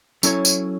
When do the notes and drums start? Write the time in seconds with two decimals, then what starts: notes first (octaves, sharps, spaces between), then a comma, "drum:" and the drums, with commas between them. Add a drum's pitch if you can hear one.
0.23 F#3 C#4 E4 A4 C#5, drum: tambourine
0.45 drum: tambourine